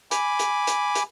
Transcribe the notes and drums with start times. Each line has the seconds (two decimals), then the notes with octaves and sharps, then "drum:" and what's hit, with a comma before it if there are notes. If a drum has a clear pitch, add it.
0.11 G#5 B5 D6, drum: hi-hat
0.39 drum: hi-hat
0.67 drum: hi-hat
0.95 drum: hi-hat